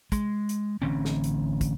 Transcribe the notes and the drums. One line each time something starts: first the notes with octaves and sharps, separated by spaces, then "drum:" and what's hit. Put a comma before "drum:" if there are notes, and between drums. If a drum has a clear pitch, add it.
G#3, drum: kick, hi-hat
drum: hi-hat
A1 D3 C4 C#4
drum: snare
drum: hi-hat
drum: kick, hi-hat